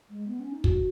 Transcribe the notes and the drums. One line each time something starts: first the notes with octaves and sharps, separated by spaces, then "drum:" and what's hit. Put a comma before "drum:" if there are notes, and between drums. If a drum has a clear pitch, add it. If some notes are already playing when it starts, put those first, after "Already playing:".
G#3
B3
C#4
D#4
F#4, drum: kick